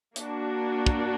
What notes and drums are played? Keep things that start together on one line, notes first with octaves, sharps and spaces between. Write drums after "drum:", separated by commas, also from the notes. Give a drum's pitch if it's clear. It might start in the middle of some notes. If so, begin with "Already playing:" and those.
A#3 D4 F#4, drum: hi-hat
drum: kick